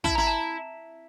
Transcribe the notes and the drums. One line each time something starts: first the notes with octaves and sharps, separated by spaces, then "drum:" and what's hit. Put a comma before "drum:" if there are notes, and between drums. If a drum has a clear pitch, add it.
E4 A5, drum: kick
E4 A#5
A5